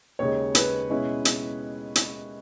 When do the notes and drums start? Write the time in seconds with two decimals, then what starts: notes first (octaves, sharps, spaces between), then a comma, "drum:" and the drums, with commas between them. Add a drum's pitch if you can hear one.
0.19 D#2 C#3 G#3 C#5
0.55 B4, drum: hi-hat
0.90 B2 G#3 C#4 E4
1.25 drum: hi-hat
1.95 drum: hi-hat